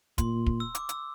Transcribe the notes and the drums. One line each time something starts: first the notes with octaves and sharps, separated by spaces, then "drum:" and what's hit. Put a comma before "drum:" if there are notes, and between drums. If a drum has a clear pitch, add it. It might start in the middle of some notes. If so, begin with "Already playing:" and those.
A#2 C6, drum: kick, hi-hat
drum: kick
E6
D6, drum: hi-hat
E6, drum: hi-hat